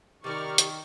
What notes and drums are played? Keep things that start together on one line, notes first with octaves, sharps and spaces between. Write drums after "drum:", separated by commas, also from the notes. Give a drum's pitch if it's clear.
C3 D#3 E3 G3 A#4 D5 C#6 F6
drum: hi-hat